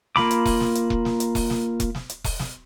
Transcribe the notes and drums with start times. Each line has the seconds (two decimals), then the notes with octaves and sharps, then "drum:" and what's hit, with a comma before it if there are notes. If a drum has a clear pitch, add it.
0.16 A#3 F4 B5 D6, drum: snare
0.31 drum: hi-hat
0.45 drum: kick E1, open hi-hat
0.60 drum: snare
0.75 drum: hi-hat
0.90 drum: kick E1
1.05 drum: snare
1.20 drum: hi-hat
1.35 drum: kick E1, open hi-hat
1.50 drum: snare
1.80 drum: kick E1, hi-hat
1.95 drum: snare
2.10 drum: hi-hat
2.24 drum: kick E1, open hi-hat
2.39 drum: snare